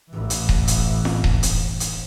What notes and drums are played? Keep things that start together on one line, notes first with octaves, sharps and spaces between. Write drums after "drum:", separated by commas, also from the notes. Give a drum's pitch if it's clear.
A1 E3
drum: hi-hat
drum: kick D#1
drum: hi-hat
drum: snare
drum: kick D#1
drum: hi-hat
drum: hi-hat